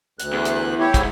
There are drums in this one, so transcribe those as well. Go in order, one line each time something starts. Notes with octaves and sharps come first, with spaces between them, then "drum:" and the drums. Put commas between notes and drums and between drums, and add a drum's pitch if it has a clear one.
D2 F#6, drum: hi-hat
E2
drum: hi-hat
E4 G4 C#5
G#2, drum: kick, hi-hat